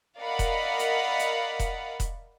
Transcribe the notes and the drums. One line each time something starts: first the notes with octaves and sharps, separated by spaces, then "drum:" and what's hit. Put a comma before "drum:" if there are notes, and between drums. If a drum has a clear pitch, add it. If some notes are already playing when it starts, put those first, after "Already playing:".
A#4 D5 D#5 F5 F#5 B5
drum: kick E1, hi-hat
drum: hi-hat
drum: hi-hat
drum: kick E1, hi-hat
drum: kick E1, hi-hat